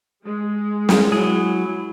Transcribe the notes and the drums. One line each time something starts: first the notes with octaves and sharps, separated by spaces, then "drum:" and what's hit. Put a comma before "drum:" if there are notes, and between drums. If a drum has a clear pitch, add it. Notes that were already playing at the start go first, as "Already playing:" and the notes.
G#3
drum: snare
F#3 E4 G#4